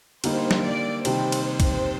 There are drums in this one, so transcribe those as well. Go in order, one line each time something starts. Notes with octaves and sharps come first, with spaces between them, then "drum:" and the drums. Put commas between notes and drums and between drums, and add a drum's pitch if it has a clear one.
D3 G3 A#3 D#4 C5, drum: cymbal
drum: snare
D5
C3 D#3 G3 C5, drum: cymbal
drum: cymbal
drum: kick, cymbal